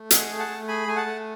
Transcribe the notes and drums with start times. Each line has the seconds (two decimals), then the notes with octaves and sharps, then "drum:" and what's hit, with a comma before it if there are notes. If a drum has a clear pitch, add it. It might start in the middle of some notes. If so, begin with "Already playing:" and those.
Already playing: A3
0.10 G#4 D#5 F#5, drum: hi-hat
0.29 A3
0.39 F#5 A5
0.49 A3
0.68 G#4 G#5 B5
0.87 A3 G#5
0.96 F#5 A5
1.06 A3